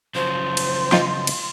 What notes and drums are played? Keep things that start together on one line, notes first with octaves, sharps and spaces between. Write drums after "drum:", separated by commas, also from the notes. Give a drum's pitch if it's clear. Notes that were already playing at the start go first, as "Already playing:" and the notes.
C#3 F3 F#3 C5 C6
drum: cymbal
D#4 F4 G5, drum: snare
drum: cymbal